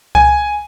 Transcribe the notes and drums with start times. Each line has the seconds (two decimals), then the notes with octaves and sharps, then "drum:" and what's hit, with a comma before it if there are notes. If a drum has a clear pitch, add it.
0.15 G#5, drum: kick C2